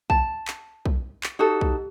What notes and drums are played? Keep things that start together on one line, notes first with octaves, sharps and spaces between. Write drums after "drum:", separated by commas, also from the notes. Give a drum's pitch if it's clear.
A5, drum: kick B1
drum: clap
drum: kick B1
drum: clap
D#4 F#4 G4 A4
drum: kick B1